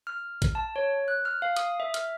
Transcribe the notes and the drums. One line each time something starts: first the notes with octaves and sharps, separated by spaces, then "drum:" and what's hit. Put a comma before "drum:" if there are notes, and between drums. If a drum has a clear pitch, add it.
F6
drum: kick A1, hi-hat
A5
C#5
F#6
F6
F5
D#6, drum: hi-hat
E5
F6, drum: hi-hat